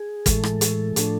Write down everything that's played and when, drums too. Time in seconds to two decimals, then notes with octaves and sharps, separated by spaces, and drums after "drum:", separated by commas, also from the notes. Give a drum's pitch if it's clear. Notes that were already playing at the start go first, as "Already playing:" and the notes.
Already playing: G#4
0.26 A2 E3 G#3 A4, drum: kick, hi-hat
0.43 drum: rim click
0.61 drum: hi-hat
0.96 A2 F3 A3 D4, drum: hi-hat